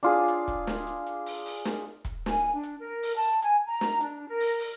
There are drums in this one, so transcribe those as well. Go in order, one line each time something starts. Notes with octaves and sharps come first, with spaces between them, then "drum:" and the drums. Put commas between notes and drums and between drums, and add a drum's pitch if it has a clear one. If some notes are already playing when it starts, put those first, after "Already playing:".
D4 F4 G#4
drum: hi-hat
drum: kick, hi-hat
drum: snare
drum: hi-hat
drum: hi-hat
drum: open hi-hat
drum: open hi-hat
drum: snare
drum: kick, hi-hat
G#5, drum: snare
D4
drum: hi-hat
A#4
drum: open hi-hat
A5
G#5, drum: hi-hat
A#5
drum: snare
D4, drum: hi-hat
A#4
drum: open hi-hat
drum: open hi-hat